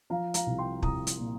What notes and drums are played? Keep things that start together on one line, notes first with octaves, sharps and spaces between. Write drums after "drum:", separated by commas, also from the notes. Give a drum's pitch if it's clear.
F3 F5 A#5
F5 A#5, drum: hi-hat
C2
G5 C6
C2 A#5 D#6, drum: kick
drum: hi-hat
A#2